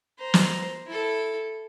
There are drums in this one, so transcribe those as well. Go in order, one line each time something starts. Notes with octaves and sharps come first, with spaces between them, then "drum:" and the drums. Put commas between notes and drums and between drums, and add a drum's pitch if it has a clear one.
C5 A#5
drum: snare
E4 A4